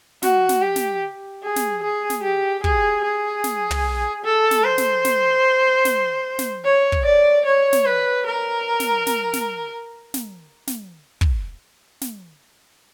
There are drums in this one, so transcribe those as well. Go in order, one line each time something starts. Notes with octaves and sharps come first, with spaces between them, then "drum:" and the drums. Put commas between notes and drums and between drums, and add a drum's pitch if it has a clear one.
F#4, drum: snare
drum: snare
G4
drum: snare
G#4
drum: snare
G#4
drum: snare
G4
G#4, drum: kick
G#4
drum: snare
drum: tom
A4
drum: snare
C5
drum: snare
drum: snare
drum: snare
drum: snare
C#5
drum: kick
D5
C#5
drum: snare
B4
A#4
drum: snare
drum: snare
drum: snare
drum: snare
drum: snare
drum: kick
drum: snare